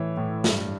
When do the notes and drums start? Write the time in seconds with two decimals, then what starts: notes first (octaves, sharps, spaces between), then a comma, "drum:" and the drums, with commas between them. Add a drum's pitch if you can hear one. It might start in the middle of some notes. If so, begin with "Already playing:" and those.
Already playing: A2 E3 C#5 E5
0.17 A2
0.44 G2, drum: snare